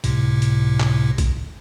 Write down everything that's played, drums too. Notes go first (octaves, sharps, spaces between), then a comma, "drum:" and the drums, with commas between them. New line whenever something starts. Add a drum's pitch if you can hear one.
C#2 A2 C3, drum: hi-hat
drum: hi-hat
drum: clap
drum: kick, hi-hat